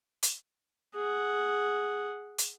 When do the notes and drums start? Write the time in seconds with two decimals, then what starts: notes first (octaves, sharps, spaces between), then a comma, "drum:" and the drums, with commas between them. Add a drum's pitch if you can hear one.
0.23 drum: hi-hat
0.95 G#4 F#5
2.38 drum: hi-hat